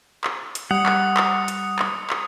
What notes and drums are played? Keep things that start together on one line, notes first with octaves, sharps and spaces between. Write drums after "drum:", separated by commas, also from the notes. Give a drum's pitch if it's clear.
drum: clap
drum: hi-hat
G3 F#5 D#6 C#7
drum: clap
drum: clap
drum: hi-hat
drum: clap
drum: clap